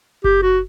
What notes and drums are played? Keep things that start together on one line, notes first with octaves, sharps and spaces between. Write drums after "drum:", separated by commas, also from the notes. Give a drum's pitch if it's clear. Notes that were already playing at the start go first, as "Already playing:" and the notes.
G4, drum: kick F#1
F#4